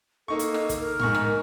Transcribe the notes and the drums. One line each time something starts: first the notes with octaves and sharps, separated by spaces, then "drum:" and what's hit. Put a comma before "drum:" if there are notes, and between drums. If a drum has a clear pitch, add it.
A#3 D#4 A4 C#6
drum: hi-hat
drum: rim click
drum: kick, hi-hat
A#4
G#2 C#6 F6, drum: tom A2
drum: rim click